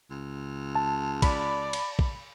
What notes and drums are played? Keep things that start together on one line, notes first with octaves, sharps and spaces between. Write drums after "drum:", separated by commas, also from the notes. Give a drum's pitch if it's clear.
C#2
A5
D5 B5, drum: kick, cymbal
drum: cymbal
drum: kick